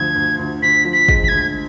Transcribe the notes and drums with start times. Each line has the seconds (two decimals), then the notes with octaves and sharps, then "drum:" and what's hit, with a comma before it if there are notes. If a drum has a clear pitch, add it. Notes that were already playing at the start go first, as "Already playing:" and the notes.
Already playing: D2 F3 G#6
0.16 D2
0.39 D2
0.62 D2 B6
0.85 F3
0.93 B6
1.08 G#3, drum: kick
1.23 B6
1.28 D2 G#6